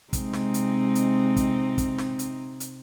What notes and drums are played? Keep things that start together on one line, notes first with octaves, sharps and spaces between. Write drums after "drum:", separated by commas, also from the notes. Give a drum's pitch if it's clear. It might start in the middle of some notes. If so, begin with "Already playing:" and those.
C3 G#3 C4 D#4, drum: kick, hi-hat
drum: snare
drum: hi-hat
drum: hi-hat
drum: kick, hi-hat
drum: kick, hi-hat
drum: snare
drum: hi-hat
drum: hi-hat